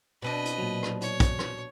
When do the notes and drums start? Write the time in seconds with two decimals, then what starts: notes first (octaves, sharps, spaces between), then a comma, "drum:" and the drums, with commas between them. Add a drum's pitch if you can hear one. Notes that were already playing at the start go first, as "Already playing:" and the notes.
0.22 B2 C4 D4 B4 D#5
0.45 drum: hi-hat
0.58 A#2 F#3
0.83 drum: rim click
1.02 C#5, drum: hi-hat
1.20 drum: kick, hi-hat
1.39 drum: rim click